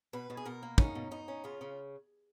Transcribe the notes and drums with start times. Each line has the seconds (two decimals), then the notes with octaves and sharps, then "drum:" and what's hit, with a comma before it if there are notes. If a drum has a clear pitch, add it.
0.13 B2 B4
0.30 B2
0.37 G#4
0.45 B2 A#4
0.63 A#3
0.78 C#4 D#4, drum: kick
0.95 B2
1.11 B2 D#4
1.28 C#4
1.44 C#3 F4
1.61 C#3